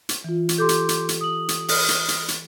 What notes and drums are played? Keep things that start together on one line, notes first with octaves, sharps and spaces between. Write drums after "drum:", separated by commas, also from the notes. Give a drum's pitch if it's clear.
drum: hi-hat
E3 F4
drum: hi-hat
G4 A4 C6 D6 G6
drum: hi-hat
drum: hi-hat
drum: hi-hat
D#6 F#7
drum: hi-hat
D#6 F6, drum: open hi-hat
drum: hi-hat
drum: hi-hat
drum: hi-hat